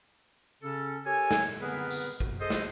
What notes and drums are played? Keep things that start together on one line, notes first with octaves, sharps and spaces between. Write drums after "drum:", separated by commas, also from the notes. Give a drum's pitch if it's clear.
C#3 C#4 A4
G4 A4 A#4 C#5 G#5
drum: snare
D3 B3 C4 G#4 A#4 B4
drum: tambourine
drum: kick G#1
G#4 A4 C5 D#5
drum: snare